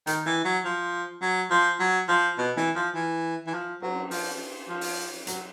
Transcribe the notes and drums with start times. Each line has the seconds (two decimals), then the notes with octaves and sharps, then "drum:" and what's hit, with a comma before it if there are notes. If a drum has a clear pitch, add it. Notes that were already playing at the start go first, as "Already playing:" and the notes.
0.07 D#3, drum: hi-hat
0.26 E3
0.45 F#3
0.65 F3
1.22 F#3
1.51 F3
1.80 F#3
2.08 F3
2.38 B2
2.57 E3, drum: snare
2.76 F3
2.95 E3
3.47 E3
3.54 F3
3.82 F#3, drum: cymbal
4.11 F3, drum: open hi-hat
4.69 F3
4.81 drum: open hi-hat
5.27 F#3, drum: hi-hat